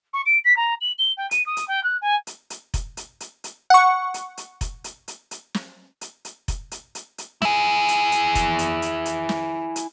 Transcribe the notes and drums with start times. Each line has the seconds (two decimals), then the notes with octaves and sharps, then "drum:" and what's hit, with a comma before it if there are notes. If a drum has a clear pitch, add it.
0.14 C#6
0.26 D7
0.45 B6
0.57 A#5
0.81 F#7
0.99 G7
1.17 G5
1.31 D#7, drum: hi-hat
1.46 D#6
1.57 drum: hi-hat
1.68 G5
1.84 F#6
2.02 G#5
2.27 drum: hi-hat
2.50 drum: hi-hat
2.74 drum: kick F1, hi-hat
2.97 drum: hi-hat
3.20 drum: hi-hat
3.44 drum: hi-hat
3.70 F#5 C#6
4.14 drum: hi-hat
4.37 drum: hi-hat
4.61 drum: kick F1, hi-hat
4.84 drum: hi-hat
5.08 drum: hi-hat
5.31 drum: hi-hat
5.54 drum: snare
6.01 drum: hi-hat
6.25 drum: hi-hat
6.48 drum: kick F1, hi-hat
6.71 drum: hi-hat
6.95 drum: hi-hat
7.18 drum: hi-hat
7.42 E4 G#4, drum: snare
7.88 drum: hi-hat
8.12 drum: hi-hat
8.35 drum: kick F1, hi-hat
8.59 drum: hi-hat
8.82 drum: hi-hat
9.05 drum: hi-hat
9.29 drum: snare
9.76 drum: hi-hat